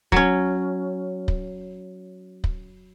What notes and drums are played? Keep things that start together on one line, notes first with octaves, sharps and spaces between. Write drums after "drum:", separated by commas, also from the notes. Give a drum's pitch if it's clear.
F#3 C#4, drum: kick
drum: kick
drum: kick